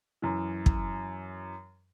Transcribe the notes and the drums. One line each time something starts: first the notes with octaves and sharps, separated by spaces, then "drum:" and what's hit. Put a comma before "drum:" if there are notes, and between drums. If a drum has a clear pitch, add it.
F#2 E3
drum: kick